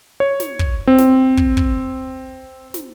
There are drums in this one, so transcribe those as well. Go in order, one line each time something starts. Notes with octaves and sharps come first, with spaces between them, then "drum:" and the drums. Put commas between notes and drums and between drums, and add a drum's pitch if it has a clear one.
C#5
drum: snare
drum: kick
C4
drum: snare
drum: kick
drum: kick
drum: snare